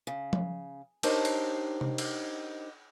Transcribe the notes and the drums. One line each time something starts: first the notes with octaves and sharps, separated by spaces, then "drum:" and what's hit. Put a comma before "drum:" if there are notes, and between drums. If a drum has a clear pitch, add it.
C#3
drum: tom F3
D4 D#4 G4 A#4 C5 C#5, drum: cymbal
drum: cymbal
drum: tom C3
drum: cymbal